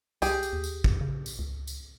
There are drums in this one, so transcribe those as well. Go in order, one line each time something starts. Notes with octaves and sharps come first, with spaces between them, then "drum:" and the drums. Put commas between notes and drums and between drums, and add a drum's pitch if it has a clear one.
C2 G4 G#4, drum: tambourine
drum: tambourine
D#2
drum: tambourine
F2, drum: kick
C#3
drum: tambourine
C#2
drum: tambourine